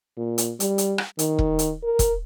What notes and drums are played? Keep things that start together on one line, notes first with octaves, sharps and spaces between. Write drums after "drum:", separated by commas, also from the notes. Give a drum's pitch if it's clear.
A#2
drum: hi-hat
G3, drum: hi-hat
drum: hi-hat
drum: rim click
D#3, drum: hi-hat
drum: kick E1
drum: hi-hat
A#4
drum: kick E1, hi-hat